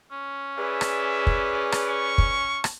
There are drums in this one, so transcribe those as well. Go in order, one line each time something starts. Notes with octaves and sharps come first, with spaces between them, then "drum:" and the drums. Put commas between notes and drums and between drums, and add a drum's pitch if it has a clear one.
C#4
G#4 B4 D5 E5
drum: rim click
drum: kick
drum: rim click
C#6
drum: kick
drum: rim click